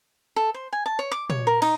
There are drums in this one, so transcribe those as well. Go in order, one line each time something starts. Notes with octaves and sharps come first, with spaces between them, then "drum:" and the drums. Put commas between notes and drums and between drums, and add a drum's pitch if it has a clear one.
A4
C5
G#5
A5
C#5
D6
C#5, drum: tom A#2
A#4
D#4, drum: cymbal